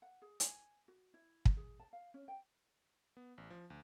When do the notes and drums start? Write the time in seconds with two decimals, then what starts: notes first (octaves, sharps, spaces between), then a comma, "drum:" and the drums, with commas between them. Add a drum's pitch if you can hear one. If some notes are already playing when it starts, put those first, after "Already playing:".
0.02 F#5
0.22 G#4
0.40 G#5, drum: hi-hat
0.88 F#4
1.14 E4
1.45 drum: kick
1.57 G#4
1.80 A5
1.93 F5
2.14 C#4
2.28 G5
3.17 B3
3.38 A1
3.50 F3
3.70 D2